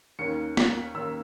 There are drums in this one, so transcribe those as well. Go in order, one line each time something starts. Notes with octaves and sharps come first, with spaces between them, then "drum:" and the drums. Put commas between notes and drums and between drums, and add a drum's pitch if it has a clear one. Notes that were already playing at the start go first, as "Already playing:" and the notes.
D#2 D#3 A#3 C#4 C#7
B6, drum: snare
D#2 D#3 A#3 C#4 E6